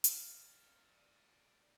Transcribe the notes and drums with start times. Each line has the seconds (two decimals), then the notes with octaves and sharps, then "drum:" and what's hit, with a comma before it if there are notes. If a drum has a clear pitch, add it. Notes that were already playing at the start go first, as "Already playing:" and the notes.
0.04 D5 F5, drum: hi-hat